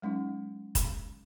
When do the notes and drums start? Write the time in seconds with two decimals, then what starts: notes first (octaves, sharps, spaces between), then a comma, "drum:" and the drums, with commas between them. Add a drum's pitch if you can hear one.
0.02 F#3 G#3 C#4 D#4
0.75 drum: kick, hi-hat